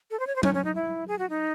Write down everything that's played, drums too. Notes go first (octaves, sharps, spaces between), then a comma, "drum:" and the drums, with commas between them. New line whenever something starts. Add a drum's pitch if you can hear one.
A4
C5
C#5
C5
C#4, drum: tom F#3
C#4
D#4
E4
G#4
F#4
D#4